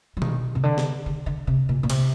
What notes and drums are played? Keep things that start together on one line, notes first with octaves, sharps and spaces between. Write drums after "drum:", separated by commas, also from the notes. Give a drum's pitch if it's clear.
F#3
D#3, drum: tom B2
C3
D3
drum: snare
D3
D3
C3
A#2
A#2
C3, drum: cymbal